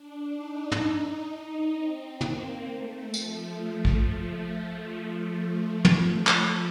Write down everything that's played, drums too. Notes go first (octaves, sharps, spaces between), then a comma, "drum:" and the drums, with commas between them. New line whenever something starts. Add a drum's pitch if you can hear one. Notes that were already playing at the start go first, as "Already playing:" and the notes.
Already playing: D4
D#4
drum: tom
C4
A#3, drum: tom
A3
F3, drum: tambourine
drum: kick A1
drum: tom
drum: clap